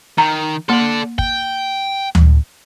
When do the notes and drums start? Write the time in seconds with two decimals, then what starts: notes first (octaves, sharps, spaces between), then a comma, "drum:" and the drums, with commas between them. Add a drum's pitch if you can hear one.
0.18 D#3 A#5
0.69 A#3 A4 D5 C6
1.19 G5, drum: kick
2.15 drum: tom D2